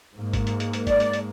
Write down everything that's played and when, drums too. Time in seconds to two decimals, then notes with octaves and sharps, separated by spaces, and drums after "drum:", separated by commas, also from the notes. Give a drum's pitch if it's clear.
0.15 G#2 A#3
0.33 drum: kick G1, hi-hat
0.47 drum: hi-hat
0.60 drum: hi-hat
0.73 drum: hi-hat
0.87 D5, drum: kick G1, hi-hat
1.00 drum: hi-hat
1.13 drum: hi-hat